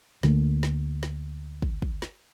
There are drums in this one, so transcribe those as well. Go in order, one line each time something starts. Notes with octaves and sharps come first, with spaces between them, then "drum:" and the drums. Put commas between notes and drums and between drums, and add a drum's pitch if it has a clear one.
D2 D3 A3 A#3, drum: snare
drum: snare
drum: snare
drum: kick
drum: kick
drum: snare